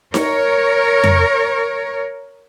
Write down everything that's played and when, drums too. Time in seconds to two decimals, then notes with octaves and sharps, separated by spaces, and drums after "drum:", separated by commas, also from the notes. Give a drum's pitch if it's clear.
0.14 A#4 C#5, drum: snare D#4
1.04 drum: tom F2